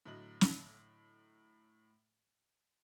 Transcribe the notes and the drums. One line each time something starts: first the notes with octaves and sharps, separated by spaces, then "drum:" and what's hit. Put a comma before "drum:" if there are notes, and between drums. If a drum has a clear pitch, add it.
A2 D3 F#3 D#5 F#7
drum: snare